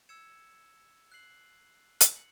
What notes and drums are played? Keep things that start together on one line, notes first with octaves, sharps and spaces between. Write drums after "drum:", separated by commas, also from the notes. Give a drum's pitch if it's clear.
E6 G#6 C#7 E7
F#6 C7 F#7
drum: hi-hat
C#7 F#7